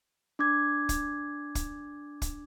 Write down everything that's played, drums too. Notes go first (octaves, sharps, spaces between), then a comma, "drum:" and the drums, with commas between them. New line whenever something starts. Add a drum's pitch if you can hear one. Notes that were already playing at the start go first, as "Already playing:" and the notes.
D4 D6 G#6
drum: kick, hi-hat
drum: kick, hi-hat
drum: kick, hi-hat